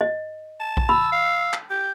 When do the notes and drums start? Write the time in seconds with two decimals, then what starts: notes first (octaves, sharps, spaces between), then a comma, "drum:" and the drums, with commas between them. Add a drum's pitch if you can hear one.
0.01 D#5
0.60 A5
0.77 drum: kick A#1
0.89 B5 E6
1.12 F5
1.53 drum: clap
1.70 G4 G6